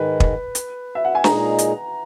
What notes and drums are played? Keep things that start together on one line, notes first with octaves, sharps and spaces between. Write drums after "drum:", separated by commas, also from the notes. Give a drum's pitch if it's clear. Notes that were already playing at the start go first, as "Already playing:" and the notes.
Already playing: G#2 D#3 G#3 B4
drum: kick
drum: hi-hat
E5
F#5
G#5
A#2 G#3 D#4 G#4 A#5, drum: snare
drum: hi-hat